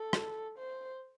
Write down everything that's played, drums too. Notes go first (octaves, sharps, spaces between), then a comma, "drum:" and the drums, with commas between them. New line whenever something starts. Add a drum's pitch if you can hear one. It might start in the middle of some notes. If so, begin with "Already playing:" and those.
Already playing: A4
drum: rim click
C5